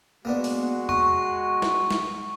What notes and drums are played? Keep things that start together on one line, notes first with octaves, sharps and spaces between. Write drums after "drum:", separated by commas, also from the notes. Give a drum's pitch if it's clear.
G#3 A#3 B3 D4 F#4
drum: open hi-hat
F#5 C#6, drum: tom E2
drum: snare
drum: snare